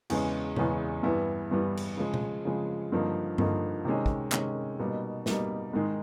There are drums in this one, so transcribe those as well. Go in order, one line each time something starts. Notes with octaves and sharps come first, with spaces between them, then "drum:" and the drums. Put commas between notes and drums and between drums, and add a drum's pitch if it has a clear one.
E2 C#3 E3 G#3 C#4, drum: cymbal
E2 C#3 E3 G#3 C#4, drum: tom B2
G2 E3 G3 B3 E4
G2 E3 G3 B3 E4
drum: cymbal
C#3 F3 G#3
drum: tom B2
C#3 F3 G#3
G2 D3 F3 A#3 D#4
G2 D3 F3 A#3 D#4, drum: tom G2
C3 D#3 G#3 C#4
drum: kick
C3 D#3 G#3 C#4, drum: clap
B2 G3 A#3 D#4
B2 G3 A#3 D#4, drum: snare
G#2 D#3 G#3